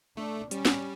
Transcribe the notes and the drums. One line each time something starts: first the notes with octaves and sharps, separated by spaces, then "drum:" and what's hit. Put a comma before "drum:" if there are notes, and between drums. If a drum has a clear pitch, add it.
A3 D4
G3 C#4, drum: hi-hat
drum: snare